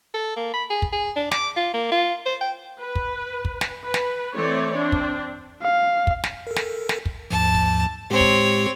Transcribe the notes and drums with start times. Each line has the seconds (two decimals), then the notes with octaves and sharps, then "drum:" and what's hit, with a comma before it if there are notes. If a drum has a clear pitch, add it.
0.14 A4
0.36 A#3
0.54 B5
0.70 G#4
0.82 drum: kick
0.92 G#4
1.16 D4
1.31 D6, drum: snare
1.57 F4
1.74 A#3
1.92 F4
2.26 C5
2.41 G5
2.79 B4
2.95 drum: kick
3.45 drum: kick
3.61 drum: snare
3.82 B4
3.94 drum: snare
4.34 E3 A3 C4 C#5 D5
4.76 C4 D4
4.92 drum: kick
5.62 F5
6.07 drum: kick
6.24 drum: snare
6.47 A4 A#4
6.56 drum: snare
6.89 drum: snare
7.06 drum: kick
7.31 D#2 G#2 F3 A5
7.55 drum: kick
8.10 A2 G#3 C4 G4 C#5
8.20 drum: kick